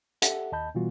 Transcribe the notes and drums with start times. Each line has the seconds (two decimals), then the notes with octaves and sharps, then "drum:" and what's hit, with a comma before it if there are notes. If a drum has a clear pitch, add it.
0.22 G4 A4 E5 F#5, drum: hi-hat
0.52 D#2 D#5 A5 B5 G6
0.75 B2 E3 G3 B3 F4 F#4